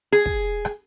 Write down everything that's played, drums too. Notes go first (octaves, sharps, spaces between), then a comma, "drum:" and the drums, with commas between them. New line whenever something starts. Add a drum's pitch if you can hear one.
G#4
drum: kick
drum: rim click